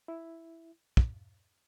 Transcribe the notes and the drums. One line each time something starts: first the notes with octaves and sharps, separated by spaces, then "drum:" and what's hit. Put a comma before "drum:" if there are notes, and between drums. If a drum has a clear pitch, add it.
E4
drum: kick